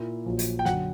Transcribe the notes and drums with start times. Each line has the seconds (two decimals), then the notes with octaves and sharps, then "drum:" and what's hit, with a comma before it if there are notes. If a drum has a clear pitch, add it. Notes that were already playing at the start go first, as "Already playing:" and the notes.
Already playing: A#2 A#3 E4
0.26 A#1 A#2 F#3
0.39 drum: hi-hat
0.59 G5
0.65 F#2 D3 F#3 F#5, drum: snare